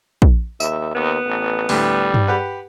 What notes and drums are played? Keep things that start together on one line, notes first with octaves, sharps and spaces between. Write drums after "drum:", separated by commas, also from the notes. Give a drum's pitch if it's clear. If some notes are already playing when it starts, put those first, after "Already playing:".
drum: kick
D#2 E5, drum: tambourine
D#2 B3
A1
D2 A2 G3, drum: open hi-hat
drum: tom G2
G4 B4 F#5